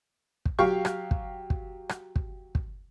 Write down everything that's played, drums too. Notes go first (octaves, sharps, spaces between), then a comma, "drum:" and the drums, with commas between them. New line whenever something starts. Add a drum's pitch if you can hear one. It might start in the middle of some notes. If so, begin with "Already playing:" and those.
drum: kick
F#3 G4 F5 G5 C#6
drum: rim click
drum: kick
drum: kick
drum: rim click
drum: kick
drum: kick